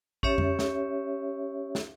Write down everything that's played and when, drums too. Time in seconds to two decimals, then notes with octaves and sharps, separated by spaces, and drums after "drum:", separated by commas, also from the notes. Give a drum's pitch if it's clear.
0.23 C#4 G4 C#5 E5, drum: kick A1
0.38 drum: tom F2
0.59 drum: snare
1.75 drum: snare